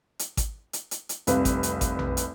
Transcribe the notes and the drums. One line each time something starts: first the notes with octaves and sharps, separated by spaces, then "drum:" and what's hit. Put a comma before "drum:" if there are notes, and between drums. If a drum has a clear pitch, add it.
drum: hi-hat
drum: kick G#1, hi-hat
drum: hi-hat
drum: hi-hat
drum: hi-hat
F1 C2 G3 B4 F5, drum: hi-hat
drum: kick G#1, hi-hat
drum: hi-hat
drum: kick G#1, hi-hat
drum: tom A#1
drum: hi-hat